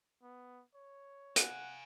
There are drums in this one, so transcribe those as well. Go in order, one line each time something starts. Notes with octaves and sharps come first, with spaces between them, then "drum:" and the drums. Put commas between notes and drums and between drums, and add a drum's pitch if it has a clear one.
B3
C#5
F5 F#5 G#5, drum: hi-hat